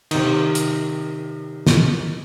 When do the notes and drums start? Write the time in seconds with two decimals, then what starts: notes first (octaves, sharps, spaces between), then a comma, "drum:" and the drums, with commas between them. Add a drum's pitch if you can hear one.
0.11 C3 D#3, drum: cymbal
0.55 drum: hi-hat
1.67 drum: snare